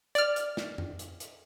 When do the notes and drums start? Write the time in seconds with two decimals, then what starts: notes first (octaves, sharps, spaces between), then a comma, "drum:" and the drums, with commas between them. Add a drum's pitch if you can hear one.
0.15 D5 F6, drum: hi-hat
0.36 drum: hi-hat
0.57 drum: snare
0.78 drum: tom F2
0.99 drum: hi-hat
1.20 drum: hi-hat